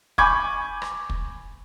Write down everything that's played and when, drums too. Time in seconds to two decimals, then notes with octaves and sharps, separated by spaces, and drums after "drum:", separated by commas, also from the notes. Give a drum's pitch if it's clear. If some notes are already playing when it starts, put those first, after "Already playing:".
0.18 G#5 B5 C#6 D6 G6 G#6, drum: kick
0.82 drum: rim click
1.10 drum: kick